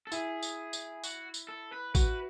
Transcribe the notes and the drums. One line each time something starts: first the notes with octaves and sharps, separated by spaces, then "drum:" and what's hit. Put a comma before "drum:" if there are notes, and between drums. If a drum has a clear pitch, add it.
A4
E4 G#4, drum: tambourine
drum: tambourine
drum: tambourine
F#4, drum: tambourine
drum: tambourine
A4
B4
F#4 B4, drum: kick A1, tambourine